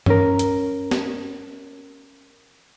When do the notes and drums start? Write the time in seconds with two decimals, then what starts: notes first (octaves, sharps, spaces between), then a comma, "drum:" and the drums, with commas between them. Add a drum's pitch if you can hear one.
0.06 C#4 A#4, drum: tom G2
0.39 drum: hi-hat
0.91 drum: snare